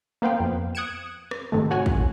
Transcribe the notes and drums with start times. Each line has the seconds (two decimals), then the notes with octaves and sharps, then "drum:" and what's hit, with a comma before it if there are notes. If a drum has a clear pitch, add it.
0.22 A#3 B3 C5 F5 G5
0.40 F2
0.75 D#6 F#6 G#6 C#7 D7 E7
1.31 drum: rim click
1.52 G#2 C3 D#3 A3
1.71 F#4 C#5 F#5 G#5
1.86 drum: kick